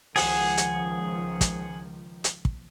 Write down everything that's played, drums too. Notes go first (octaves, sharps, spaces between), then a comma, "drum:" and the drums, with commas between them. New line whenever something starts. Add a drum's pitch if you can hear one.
C#2 D#3 F3 G#4 F#5, drum: open hi-hat
drum: hi-hat
drum: kick, hi-hat
drum: hi-hat
drum: kick